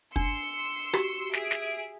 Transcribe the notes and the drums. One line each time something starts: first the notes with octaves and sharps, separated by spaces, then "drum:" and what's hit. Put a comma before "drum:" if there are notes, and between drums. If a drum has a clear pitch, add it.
D4 C6 E6 C#7, drum: kick
F#4 G4, drum: rim click
G#4 E5 D7, drum: snare
drum: snare